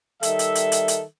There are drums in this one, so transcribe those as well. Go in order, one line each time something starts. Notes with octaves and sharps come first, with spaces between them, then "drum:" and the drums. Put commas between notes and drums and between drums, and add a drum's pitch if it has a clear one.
D#3 G3 A4 E5, drum: hi-hat
drum: hi-hat
drum: hi-hat
drum: hi-hat
drum: hi-hat